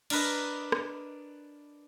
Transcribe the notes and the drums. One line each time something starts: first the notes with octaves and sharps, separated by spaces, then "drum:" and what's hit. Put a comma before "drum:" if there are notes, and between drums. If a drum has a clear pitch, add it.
D4 A#4 B4 D#5, drum: cymbal
drum: rim click